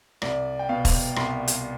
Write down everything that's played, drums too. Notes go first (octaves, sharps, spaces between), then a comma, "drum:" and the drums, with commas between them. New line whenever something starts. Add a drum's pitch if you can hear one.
C2 D5, drum: rim click
G5
B2 F5
drum: kick, open hi-hat
C2 C6, drum: rim click
drum: hi-hat